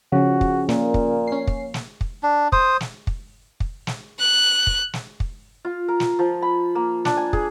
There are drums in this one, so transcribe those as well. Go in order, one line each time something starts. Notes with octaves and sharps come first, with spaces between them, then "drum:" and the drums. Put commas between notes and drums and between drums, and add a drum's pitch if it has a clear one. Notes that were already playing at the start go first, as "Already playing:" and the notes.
C#3 F3 C#4 F#4
drum: kick
A#2 A#3, drum: snare
drum: kick
C#4 C7
drum: kick
drum: snare
drum: kick
D4
C5 D#6, drum: kick
drum: snare
drum: kick
drum: kick
drum: snare
F#6
drum: kick
drum: snare
drum: kick
F4
A#4
drum: snare
F3
B5
A#3
D4, drum: snare
G#5
G#4, drum: kick